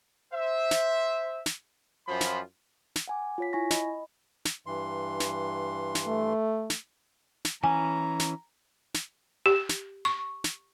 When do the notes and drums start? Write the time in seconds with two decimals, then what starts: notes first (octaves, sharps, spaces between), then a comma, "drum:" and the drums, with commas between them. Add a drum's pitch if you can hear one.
0.34 C5 E5
0.71 drum: snare
1.46 drum: snare
2.08 F#2 F3 F4 C5 B5
2.21 drum: snare
2.96 drum: snare
3.08 F#5 G#5 D6
3.38 F4 C#5 B6
3.53 E4 G#5 C#6 A#6
3.70 D#5 B5, drum: snare
4.45 drum: snare
4.66 G2 E3 C6
5.20 drum: snare
5.95 drum: snare
6.07 A3
6.70 drum: snare
7.45 drum: snare
7.64 E3 C#4 G#5 A#5
8.19 drum: snare
8.94 drum: snare
9.46 G4
9.69 drum: snare
10.05 C#6
10.44 drum: snare